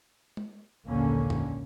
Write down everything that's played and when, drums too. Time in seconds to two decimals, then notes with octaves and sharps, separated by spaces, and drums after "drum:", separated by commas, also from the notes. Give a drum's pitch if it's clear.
0.37 drum: tom G#3
0.85 A#1 D#2 G#2 D3 A#3 C#4
1.30 drum: tom F2